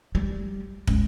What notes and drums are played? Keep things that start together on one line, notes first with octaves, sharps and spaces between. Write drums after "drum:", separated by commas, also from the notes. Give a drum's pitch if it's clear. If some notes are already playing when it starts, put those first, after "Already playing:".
G3
C#2, drum: kick